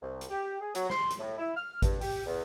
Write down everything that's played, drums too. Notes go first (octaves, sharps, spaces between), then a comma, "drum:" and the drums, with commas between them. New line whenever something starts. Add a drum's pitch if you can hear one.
C2
drum: hi-hat
G4
G#4
F#3, drum: hi-hat
C6, drum: snare
drum: hi-hat
A2
E4
F6
G2, drum: kick G#1, hi-hat
G4, drum: open hi-hat
E2